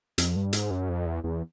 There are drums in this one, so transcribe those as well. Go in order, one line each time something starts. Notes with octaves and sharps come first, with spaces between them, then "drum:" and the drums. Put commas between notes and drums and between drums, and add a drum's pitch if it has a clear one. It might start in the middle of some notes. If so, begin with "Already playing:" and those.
F2, drum: hi-hat
G2
G#2, drum: hi-hat
F#2
F2
E2
E2